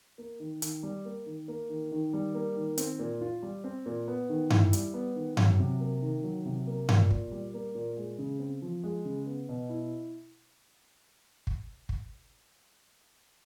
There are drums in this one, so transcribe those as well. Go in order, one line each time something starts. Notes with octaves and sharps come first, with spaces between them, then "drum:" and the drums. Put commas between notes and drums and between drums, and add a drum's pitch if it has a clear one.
A#3
D#3
D#3, drum: hi-hat
G3
A#3
D#3
A#3
D#3
D#3
G3
A#3
D#3
C4, drum: hi-hat
A#2
F4
G3
C4
A#2
B3
D#3
E4, drum: tom G2
G3, drum: hi-hat
B3
D#3
F#3, drum: tom G2
C3
A#3
D#3
F#3
C3
A#3
A#2, drum: tom G2
A#2, drum: kick
G3
A#3
A#2
G#3
C#3
C4
F3
G#3
C#3
B3
B2
E4
drum: kick
drum: kick